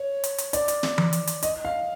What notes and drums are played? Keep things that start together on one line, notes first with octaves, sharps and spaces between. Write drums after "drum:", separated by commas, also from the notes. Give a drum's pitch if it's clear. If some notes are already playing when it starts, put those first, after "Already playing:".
Already playing: C#5
drum: hi-hat
drum: hi-hat
D5, drum: hi-hat
drum: hi-hat
drum: snare
drum: tom E3
drum: hi-hat
drum: hi-hat
D#5, drum: hi-hat
F5